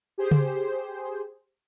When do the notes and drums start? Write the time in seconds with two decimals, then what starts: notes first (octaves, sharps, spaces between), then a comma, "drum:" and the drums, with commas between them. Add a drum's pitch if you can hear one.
0.18 G4 G#4 C5
0.31 drum: tom C#3